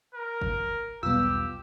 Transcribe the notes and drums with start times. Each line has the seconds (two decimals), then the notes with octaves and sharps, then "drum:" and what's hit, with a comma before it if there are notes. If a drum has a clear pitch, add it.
0.15 A#4
0.41 drum: kick F#1
1.03 E1 B1 G3 B3 F4 G4 E6